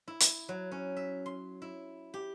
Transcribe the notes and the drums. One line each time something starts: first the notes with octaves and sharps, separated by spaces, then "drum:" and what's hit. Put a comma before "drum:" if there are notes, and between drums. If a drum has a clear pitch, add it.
E4
drum: hi-hat
F#3
C#4
E5
C6
E4
G4